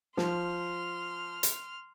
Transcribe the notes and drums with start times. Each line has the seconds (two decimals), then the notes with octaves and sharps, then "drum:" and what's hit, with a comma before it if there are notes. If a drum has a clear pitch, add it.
0.17 F3 C6 F6, drum: snare
1.43 drum: hi-hat